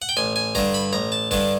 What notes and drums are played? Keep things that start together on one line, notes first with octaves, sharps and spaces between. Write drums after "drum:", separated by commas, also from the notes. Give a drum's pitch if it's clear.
F#5
G5
A1 G#5
G#5
G2 D3 A#5, drum: kick, open hi-hat
B5
A1 A#5
A5
G2 D3 A5, drum: kick, open hi-hat